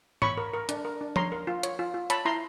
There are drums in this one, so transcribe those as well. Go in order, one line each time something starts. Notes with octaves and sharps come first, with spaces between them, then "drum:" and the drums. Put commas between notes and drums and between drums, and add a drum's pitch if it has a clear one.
C#5 B5 C#6, drum: tom G#2
A#4
A#4
D4, drum: hi-hat
A#4
D4
C#5 A#5 C6, drum: tom F3
A#4
F4
C#5, drum: hi-hat
F4
F4
C#5 A5 B5, drum: hi-hat
E4 A#5 C6